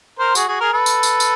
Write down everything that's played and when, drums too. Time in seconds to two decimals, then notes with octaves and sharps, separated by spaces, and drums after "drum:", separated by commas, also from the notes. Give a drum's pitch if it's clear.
0.19 A#4 C5
0.35 F#4 G#4, drum: tambourine
0.48 F#4 G#4
0.60 G#4 A#4
0.73 A4 B4
0.86 drum: tambourine
1.03 drum: tambourine
1.20 drum: tambourine